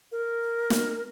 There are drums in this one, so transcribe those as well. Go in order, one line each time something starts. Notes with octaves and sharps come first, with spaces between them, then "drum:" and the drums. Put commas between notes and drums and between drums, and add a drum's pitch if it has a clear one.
A#4
drum: snare